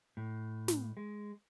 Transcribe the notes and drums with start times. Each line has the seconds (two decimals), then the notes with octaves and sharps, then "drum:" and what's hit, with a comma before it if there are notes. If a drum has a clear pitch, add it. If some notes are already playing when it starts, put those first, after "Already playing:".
0.17 A2
0.68 drum: snare
0.97 G#3